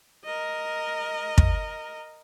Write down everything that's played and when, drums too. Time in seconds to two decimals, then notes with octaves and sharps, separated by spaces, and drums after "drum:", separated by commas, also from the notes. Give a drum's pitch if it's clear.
0.24 A#4 D#5
1.38 drum: kick